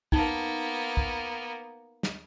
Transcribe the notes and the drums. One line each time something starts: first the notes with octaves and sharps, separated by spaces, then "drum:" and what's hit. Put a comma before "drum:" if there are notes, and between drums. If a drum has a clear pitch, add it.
A#3 B3 D#4 A5, drum: kick
drum: kick
drum: snare